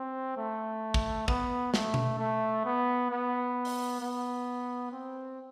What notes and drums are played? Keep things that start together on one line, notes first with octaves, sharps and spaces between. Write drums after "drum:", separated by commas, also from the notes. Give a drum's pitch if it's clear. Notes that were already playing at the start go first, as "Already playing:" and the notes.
Already playing: C4
A3
drum: kick
B3, drum: kick
A3, drum: snare
drum: tom B2
A3
B3
B3
drum: open hi-hat
B3
C4